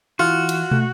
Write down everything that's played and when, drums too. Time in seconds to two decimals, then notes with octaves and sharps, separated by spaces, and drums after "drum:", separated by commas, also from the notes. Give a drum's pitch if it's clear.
0.19 E3 F4 F#4
0.49 drum: cymbal
0.71 A3, drum: tom